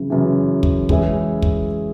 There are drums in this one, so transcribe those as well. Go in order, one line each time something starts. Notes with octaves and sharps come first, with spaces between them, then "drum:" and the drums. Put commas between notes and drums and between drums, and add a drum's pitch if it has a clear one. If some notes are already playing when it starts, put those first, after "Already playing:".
Already playing: F#2 C#3 E3
F#2 C#3 E3
drum: kick
E3 G#3 C#4 E4 G#4, drum: kick
drum: kick